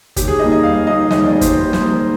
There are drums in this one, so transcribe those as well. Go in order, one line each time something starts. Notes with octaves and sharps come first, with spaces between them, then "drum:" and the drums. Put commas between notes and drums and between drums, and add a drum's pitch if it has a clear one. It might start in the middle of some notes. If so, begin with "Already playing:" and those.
D#2 G4, drum: kick, hi-hat
G#4
D#3 G3 A#3 D#5
D#5
D#2 F5
D#3 G3 A#3 D#5
D#2 D#5, drum: snare
D5
D#3 G3 A#3
C5, drum: kick, hi-hat
D#2 C5
C5, drum: snare
D#3 G3 A#3